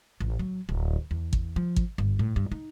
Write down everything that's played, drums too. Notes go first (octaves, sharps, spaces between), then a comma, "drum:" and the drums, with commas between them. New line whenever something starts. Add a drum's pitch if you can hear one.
A1
F#3
D1
E2
drum: kick
F3
drum: kick
G1
A2
G2
D#4